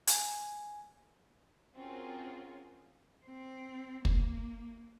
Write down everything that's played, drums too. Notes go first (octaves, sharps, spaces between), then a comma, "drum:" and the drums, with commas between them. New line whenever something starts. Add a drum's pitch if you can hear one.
G#5, drum: hi-hat
C4 C#4 F4 F#4 G#4 A#4
C4
A#3, drum: kick